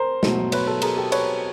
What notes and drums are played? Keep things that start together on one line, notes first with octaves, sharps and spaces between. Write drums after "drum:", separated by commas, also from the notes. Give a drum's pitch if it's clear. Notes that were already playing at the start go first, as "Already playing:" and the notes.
Already playing: A#4 C5
B2 F#3 A3, drum: snare
B4 C#5, drum: cymbal
A4 B4
G#4 A#4, drum: cymbal
G4 A4
B4 C#5, drum: cymbal